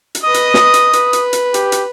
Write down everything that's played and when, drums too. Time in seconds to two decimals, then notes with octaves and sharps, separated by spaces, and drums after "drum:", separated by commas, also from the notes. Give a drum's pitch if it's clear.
0.15 drum: hi-hat
0.24 B4 D#5 D#6
0.34 drum: hi-hat
0.54 drum: snare
0.74 drum: hi-hat
0.93 B4, drum: hi-hat
1.13 drum: hi-hat
1.33 drum: hi-hat
1.54 G4, drum: hi-hat
1.72 drum: hi-hat